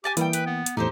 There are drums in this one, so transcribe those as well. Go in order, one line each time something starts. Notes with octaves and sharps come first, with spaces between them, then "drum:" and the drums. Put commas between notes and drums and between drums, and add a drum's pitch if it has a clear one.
G4 G#5 A5 D6
E3 G3 A#3 G5 G#5 D#6, drum: hi-hat
B4, drum: hi-hat
B3
drum: hi-hat
E2 A2 D#4 G4 A4 C5